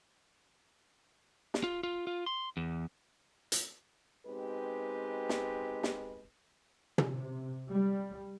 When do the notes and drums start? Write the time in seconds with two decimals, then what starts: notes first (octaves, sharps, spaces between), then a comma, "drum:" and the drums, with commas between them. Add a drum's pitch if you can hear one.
1.54 drum: snare
1.64 F4
1.83 F4
2.07 F4
2.26 C6
2.57 E2
3.52 drum: hi-hat
4.27 B2 G#3 C4 D#4 G4 B4
5.29 drum: snare
5.83 drum: snare
6.98 drum: tom
7.12 C3
7.71 G3